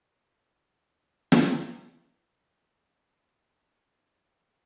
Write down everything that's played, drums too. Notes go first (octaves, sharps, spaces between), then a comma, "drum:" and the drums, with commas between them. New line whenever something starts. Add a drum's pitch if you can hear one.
F#4
drum: snare
G#4 G5